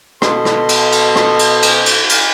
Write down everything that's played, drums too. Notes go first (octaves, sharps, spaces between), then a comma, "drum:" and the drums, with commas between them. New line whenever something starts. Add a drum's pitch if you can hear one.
B2 A4 D#5 C6, drum: rim click
drum: rim click
drum: cymbal
drum: cymbal
drum: rim click
drum: cymbal
drum: cymbal
drum: cymbal
drum: cymbal